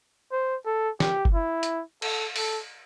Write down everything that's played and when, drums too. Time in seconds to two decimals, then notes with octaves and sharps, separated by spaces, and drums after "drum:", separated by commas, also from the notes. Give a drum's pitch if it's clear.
0.32 C5
0.66 A4
1.00 G4, drum: snare
1.25 drum: kick F#1
1.35 E4
1.63 drum: hi-hat
2.02 A4, drum: cymbal
2.36 A4, drum: open hi-hat